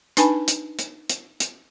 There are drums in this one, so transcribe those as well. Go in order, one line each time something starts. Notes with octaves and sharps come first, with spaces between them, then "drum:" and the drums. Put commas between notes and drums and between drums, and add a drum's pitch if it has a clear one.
D4 D#4 B4 G#5 A5 B5, drum: hi-hat
drum: hi-hat
drum: hi-hat
drum: hi-hat
drum: hi-hat